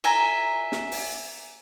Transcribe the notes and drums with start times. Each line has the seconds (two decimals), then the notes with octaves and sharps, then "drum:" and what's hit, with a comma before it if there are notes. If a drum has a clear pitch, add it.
0.04 E5 G#5 A#5, drum: cymbal
0.72 drum: snare
0.92 drum: open hi-hat